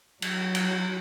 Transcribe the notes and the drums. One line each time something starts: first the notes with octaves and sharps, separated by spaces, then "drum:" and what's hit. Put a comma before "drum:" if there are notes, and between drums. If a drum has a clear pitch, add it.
F#3, drum: cymbal
drum: cymbal